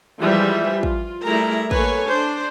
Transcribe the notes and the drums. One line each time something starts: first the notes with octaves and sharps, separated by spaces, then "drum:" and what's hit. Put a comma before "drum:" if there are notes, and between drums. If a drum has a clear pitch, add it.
E3 F3 G3 G#3 E5
F4
drum: kick
G3 A3 E4 G#4 A#4 A#5
A#3 A4 B4 C#5 G#5, drum: kick
D4 C5